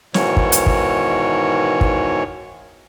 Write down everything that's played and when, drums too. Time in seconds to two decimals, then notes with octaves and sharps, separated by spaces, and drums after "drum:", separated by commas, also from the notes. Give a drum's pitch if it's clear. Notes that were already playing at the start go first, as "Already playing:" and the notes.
0.14 G#2 B2 D#3 E3 C#5, drum: snare
0.37 drum: kick
0.52 drum: hi-hat
0.66 drum: kick
1.81 drum: kick